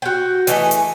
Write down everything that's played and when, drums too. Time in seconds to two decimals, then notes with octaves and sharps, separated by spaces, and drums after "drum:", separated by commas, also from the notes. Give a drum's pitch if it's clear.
0.02 F#4 G5
0.47 E3 A3 G#4 D#5, drum: hi-hat
0.71 drum: hi-hat